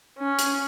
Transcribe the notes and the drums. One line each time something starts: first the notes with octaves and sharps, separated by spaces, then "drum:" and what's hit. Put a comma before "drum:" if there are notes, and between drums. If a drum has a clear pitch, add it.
C#4
drum: hi-hat